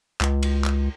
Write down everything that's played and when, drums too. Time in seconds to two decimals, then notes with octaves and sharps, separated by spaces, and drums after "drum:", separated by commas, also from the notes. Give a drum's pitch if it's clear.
0.21 C#2, drum: clap
0.43 drum: cymbal
0.64 drum: clap